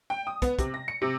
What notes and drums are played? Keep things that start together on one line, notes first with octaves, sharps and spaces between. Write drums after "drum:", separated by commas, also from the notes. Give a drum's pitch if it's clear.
G5
D#6
B3, drum: kick, hi-hat
C3, drum: kick, hi-hat
A#6
C#7
C3